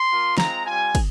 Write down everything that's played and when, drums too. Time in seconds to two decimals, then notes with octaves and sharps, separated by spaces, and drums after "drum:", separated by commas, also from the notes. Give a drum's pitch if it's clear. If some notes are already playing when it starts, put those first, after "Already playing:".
Already playing: C6
0.09 A#3 F4
0.38 G#3 C4 F4 A#5, drum: snare
0.65 G3 C4 F4 G#5
0.95 drum: kick, cymbal